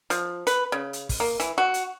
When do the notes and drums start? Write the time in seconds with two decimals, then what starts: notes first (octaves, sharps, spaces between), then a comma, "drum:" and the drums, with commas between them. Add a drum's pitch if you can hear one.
0.10 F3, drum: hi-hat
0.47 B4, drum: hi-hat
0.72 C#3
0.93 drum: hi-hat
1.09 drum: kick, open hi-hat
1.20 A#3
1.40 E3, drum: hi-hat
1.58 F#4
1.74 drum: hi-hat